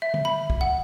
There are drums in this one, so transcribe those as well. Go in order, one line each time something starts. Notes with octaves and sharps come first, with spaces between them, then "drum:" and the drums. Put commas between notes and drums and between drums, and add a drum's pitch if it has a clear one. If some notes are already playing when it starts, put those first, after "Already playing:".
E5
drum: tom
B5
drum: kick
F#5